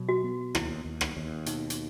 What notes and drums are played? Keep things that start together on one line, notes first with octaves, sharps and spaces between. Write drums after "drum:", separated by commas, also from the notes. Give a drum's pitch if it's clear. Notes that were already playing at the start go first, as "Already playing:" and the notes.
Already playing: B2 F#3
F#4
B3
D#2 E4, drum: rim click
D#2
drum: rim click
D#2
B2 D#4, drum: hi-hat
drum: hi-hat